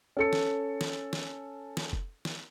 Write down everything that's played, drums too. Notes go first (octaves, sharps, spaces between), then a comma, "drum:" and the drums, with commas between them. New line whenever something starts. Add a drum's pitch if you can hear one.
C#4 A4 C#7
drum: snare
drum: snare
drum: snare
drum: snare
drum: kick F1
drum: snare